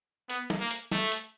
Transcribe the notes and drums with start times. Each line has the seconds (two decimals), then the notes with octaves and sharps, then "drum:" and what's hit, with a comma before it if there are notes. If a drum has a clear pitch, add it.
0.30 B3, drum: hi-hat
0.50 drum: snare
0.60 A#3
0.71 drum: hi-hat
0.92 A3, drum: snare
1.12 drum: hi-hat